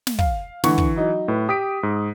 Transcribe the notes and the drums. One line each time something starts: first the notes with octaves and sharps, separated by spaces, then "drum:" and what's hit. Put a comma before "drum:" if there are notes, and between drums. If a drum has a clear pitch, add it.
drum: snare
F5, drum: kick
D3 E3 F#5 C#6, drum: snare
drum: kick
F#3 D#4
A2 B4
G4 D#6 B6 D7
G#2